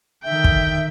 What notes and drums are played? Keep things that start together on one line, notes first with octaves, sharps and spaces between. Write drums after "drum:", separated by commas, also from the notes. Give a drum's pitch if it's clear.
D3 D#3 E5 G5
drum: kick